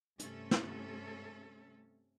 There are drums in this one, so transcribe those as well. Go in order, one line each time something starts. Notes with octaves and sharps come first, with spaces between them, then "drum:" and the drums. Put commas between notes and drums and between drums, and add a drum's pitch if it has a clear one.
G2 C3 A3 C#4 A4, drum: hi-hat
drum: snare